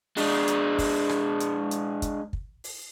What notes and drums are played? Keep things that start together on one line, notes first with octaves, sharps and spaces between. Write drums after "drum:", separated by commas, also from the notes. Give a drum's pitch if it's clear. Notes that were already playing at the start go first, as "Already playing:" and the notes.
G#3 D4, drum: open hi-hat
drum: hi-hat
drum: kick, open hi-hat
drum: rim click
drum: hi-hat
drum: hi-hat
drum: kick, hi-hat
drum: kick
drum: open hi-hat